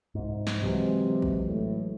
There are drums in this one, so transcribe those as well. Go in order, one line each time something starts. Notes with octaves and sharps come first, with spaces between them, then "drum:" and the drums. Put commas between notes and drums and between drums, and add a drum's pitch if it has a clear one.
C2 G#2
drum: snare
C3 E3 F#3 G#3
drum: kick G#1
A2